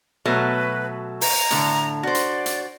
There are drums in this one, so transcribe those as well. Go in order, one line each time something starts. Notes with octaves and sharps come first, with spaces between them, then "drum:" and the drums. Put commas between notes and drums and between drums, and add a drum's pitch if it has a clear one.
B2 F#3 A3 B4
A#5, drum: open hi-hat
A2 D3, drum: hi-hat
F#4 C5 D5
drum: hi-hat
drum: hi-hat